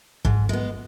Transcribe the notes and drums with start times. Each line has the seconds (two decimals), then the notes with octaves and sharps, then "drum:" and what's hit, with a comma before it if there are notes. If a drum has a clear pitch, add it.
0.25 G#2, drum: kick
0.49 G#3 B3